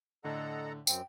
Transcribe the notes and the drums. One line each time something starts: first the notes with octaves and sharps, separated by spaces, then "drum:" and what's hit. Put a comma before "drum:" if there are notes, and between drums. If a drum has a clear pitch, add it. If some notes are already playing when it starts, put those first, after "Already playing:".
A2 D3 A4 D#5 F#5 A#5
F#2 C4 G5, drum: tambourine